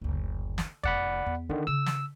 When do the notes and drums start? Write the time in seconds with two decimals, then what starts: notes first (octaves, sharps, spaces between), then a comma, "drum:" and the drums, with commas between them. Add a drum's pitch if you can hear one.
0.01 F#1 D2
0.58 drum: snare
0.83 F1 D5 F#5 B5, drum: kick
1.26 E2
1.50 D3 D#3 F4
1.67 C#3 E6
1.86 drum: snare